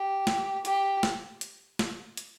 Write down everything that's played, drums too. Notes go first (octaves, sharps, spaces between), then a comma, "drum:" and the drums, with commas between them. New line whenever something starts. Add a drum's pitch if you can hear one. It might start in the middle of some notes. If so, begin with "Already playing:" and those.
Already playing: G4
drum: snare
G4, drum: hi-hat
drum: snare
drum: hi-hat
drum: snare
drum: hi-hat